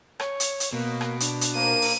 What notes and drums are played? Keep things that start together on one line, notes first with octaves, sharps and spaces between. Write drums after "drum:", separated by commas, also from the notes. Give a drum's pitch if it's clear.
C#5, drum: rim click
drum: hi-hat
drum: hi-hat
B2 A#3
drum: rim click
D4, drum: hi-hat
drum: hi-hat
A#3 A#4 D#7
drum: open hi-hat